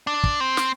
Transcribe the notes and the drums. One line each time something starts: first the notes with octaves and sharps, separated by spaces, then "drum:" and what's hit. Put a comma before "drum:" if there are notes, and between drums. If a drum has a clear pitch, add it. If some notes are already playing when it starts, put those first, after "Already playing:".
D4
drum: kick
C4
drum: snare